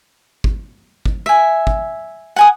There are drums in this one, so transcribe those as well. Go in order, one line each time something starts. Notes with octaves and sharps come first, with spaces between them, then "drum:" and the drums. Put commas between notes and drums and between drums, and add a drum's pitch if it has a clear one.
drum: kick
drum: kick
E5 G#5
drum: kick
F#5 G#5 D#6